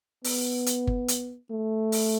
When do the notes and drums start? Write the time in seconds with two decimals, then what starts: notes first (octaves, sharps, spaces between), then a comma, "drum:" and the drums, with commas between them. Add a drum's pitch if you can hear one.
0.24 B3, drum: open hi-hat
0.66 drum: hi-hat
0.87 drum: kick G1
1.08 drum: hi-hat
1.51 A3
1.92 drum: open hi-hat